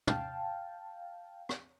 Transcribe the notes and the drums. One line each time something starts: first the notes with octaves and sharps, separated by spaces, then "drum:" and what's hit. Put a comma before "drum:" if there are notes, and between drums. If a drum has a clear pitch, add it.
F5 G5 A5, drum: tom
drum: rim click